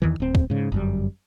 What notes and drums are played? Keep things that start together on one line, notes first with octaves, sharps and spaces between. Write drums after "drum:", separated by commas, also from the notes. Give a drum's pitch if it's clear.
E2 D#3 E3
D1 C4
drum: kick
G#2 C#3
G1 F#2 G3